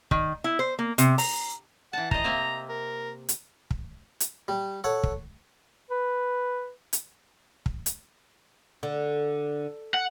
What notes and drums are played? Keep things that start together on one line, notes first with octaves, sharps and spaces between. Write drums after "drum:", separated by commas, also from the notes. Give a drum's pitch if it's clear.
D#3, drum: kick
E4
C5
A#3
C3, drum: hi-hat
A#5, drum: open hi-hat
E3 F#5 A5
C5 D#5 A#5, drum: kick
C3 A#3 C4
A#4
drum: hi-hat
drum: kick
drum: hi-hat
G3
A4 C#5 F#5
drum: kick
B4
drum: hi-hat
drum: kick
drum: hi-hat
D3
F#5